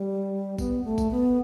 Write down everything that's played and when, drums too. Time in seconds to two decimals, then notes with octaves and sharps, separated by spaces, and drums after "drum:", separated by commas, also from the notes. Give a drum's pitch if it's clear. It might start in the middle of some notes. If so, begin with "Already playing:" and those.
Already playing: G3
0.58 B3, drum: kick G#1, tambourine
0.84 A3
0.98 drum: kick G#1, tambourine
1.11 B3